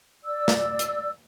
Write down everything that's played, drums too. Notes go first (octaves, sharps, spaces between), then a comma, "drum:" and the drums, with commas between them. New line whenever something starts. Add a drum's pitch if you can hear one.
D5 E6
drum: snare
drum: hi-hat